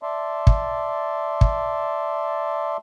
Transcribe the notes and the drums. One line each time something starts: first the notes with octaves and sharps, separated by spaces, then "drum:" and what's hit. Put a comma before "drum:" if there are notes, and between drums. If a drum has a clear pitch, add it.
D5 E5 A5 C6
drum: kick
drum: kick